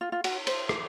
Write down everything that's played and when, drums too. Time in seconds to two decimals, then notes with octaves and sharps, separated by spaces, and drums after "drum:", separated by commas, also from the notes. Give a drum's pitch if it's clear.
0.01 F4
0.12 F4
0.24 F#4, drum: cymbal
0.47 C5, drum: cymbal
0.69 drum: rim click